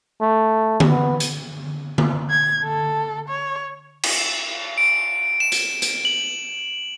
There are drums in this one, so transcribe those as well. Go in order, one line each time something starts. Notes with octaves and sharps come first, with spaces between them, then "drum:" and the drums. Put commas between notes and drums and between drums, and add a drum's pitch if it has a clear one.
A3
drum: tom D3
B3
drum: hi-hat
drum: tom D3
G#6
A4
C#5
drum: cymbal
D7
E7
drum: hi-hat
drum: hi-hat
F#7